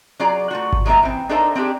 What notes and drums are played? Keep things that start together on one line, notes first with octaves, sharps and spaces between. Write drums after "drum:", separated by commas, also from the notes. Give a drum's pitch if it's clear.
F#3 F4 G#4 D5 A#5
A3 F4 F#4
drum: kick G#1
F#3 G#3 A#3 C#4 F4 E5
E3 C4
D4 D#4 A4 A#4 C5 E5
C4 D4 D#4 G4 G#4